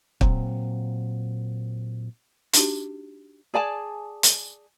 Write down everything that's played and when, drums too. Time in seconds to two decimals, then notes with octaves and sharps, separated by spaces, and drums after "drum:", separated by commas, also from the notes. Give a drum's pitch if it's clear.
0.21 A#2 F#3 C4, drum: kick
2.53 D4 D#4 F#4 G4, drum: hi-hat
3.54 G#4 D5 G#5 A5
4.23 drum: hi-hat